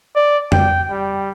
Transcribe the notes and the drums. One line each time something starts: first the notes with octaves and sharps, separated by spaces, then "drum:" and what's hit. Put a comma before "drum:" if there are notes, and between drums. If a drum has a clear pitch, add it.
D5
G5, drum: tom
G3